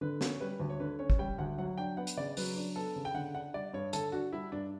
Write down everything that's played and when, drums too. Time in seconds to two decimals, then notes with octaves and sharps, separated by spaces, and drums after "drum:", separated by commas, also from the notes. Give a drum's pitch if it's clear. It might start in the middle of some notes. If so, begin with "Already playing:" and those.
0.01 D3 B4
0.21 C#4, drum: snare
0.40 G3 B4
0.60 D2
0.70 C#5
0.80 D3 B4
0.99 C#4 C#5
1.10 drum: kick
1.19 G3 G5
1.38 D2 F#5
1.58 F#3 F#5
1.78 D4 G5
1.97 B3 F#5
2.07 drum: hi-hat
2.17 C#3 D5
2.37 F#3 B4, drum: open hi-hat
2.56 D4
2.76 B3 A4
2.96 C#3
3.05 G5
3.14 D3 F#5
3.34 D4 F#5
3.53 G3 D5
3.73 G2 C#5
3.93 D3 A4, drum: hi-hat
4.12 D4 F#4
4.33 G3 E4
4.52 G2 D4